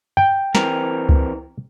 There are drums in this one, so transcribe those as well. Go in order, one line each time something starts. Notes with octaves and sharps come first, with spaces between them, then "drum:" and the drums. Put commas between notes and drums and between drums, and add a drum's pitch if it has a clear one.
G5
E3 C4 A#4, drum: snare
drum: kick C#2